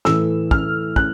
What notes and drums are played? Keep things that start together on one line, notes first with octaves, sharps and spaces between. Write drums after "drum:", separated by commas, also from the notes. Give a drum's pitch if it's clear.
A2 E3 A3 E6, drum: snare
F6, drum: kick
F#6, drum: kick